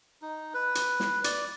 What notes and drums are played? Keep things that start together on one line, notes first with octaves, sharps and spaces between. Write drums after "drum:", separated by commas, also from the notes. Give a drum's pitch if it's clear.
D#4
B4
drum: hi-hat
drum: snare
D5, drum: hi-hat